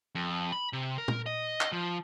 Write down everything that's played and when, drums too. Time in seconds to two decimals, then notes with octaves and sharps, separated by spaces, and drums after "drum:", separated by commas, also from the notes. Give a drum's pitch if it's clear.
0.15 F2
0.52 B5
0.73 C3
0.98 A#4
1.08 drum: tom
1.26 D#5
1.61 drum: clap
1.72 F3